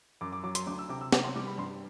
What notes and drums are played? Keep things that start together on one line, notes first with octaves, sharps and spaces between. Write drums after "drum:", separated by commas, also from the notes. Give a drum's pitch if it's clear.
F#2 D6
D6
F#3 D6
C6, drum: hi-hat
D2 D6
E6
C3 D6
E6
C3 D6, drum: snare
C6
G3 D6
B5
G2 C6